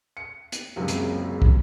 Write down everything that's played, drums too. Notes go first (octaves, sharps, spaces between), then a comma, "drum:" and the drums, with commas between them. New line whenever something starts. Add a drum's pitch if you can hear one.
C#7
drum: hi-hat
F#1 C#2 F#2 C3 F#3
drum: hi-hat
drum: kick